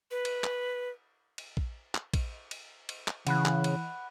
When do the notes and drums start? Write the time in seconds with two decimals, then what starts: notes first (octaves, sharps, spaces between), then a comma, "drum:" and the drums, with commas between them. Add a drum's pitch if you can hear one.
0.11 B4
0.25 drum: cymbal
0.44 drum: clap
1.38 drum: cymbal
1.57 drum: kick
1.95 drum: clap
2.14 drum: kick, cymbal
2.51 drum: cymbal
2.89 drum: cymbal
3.08 drum: clap
3.27 C#3 E3 F#5 B5 F#6, drum: cymbal
3.45 drum: clap
3.64 drum: cymbal